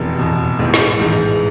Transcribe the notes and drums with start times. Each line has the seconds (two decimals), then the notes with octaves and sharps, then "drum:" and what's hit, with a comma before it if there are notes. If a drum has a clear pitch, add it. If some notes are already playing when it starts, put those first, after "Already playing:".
Already playing: F1 E2 B2
0.18 F1 E2 B2
0.59 A1 G#2 D#3
0.74 drum: snare
0.99 A1 G#2 D#3, drum: tambourine